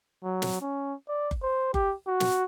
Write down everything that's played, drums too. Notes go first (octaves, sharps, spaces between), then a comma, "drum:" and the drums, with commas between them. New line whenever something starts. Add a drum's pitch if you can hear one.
F#3
drum: snare
C#4
D5
drum: kick F#1
C5
G4, drum: kick F#1
F#4
drum: snare